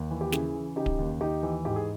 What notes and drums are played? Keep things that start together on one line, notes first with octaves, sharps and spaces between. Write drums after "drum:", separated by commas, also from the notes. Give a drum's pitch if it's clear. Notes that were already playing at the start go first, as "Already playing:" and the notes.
Already playing: D#2
E3
G4
C#3 E4 G#4, drum: snare
E3
C#3 D#4 G4
drum: kick D1
D#2
D#2 D#4 G4
E3
G#2 G4
G#4